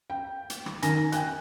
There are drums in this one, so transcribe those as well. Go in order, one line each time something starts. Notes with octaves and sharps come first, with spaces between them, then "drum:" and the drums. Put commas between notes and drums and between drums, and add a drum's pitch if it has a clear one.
G5
drum: hi-hat
drum: rim click
D#3 A#4 G#5 A#6, drum: hi-hat
G5 G#5 F#6, drum: hi-hat